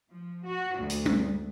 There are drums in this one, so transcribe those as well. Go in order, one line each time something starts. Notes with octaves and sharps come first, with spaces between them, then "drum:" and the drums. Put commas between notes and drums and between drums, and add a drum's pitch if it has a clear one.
F3
F#4
D2
drum: hi-hat
drum: tom G3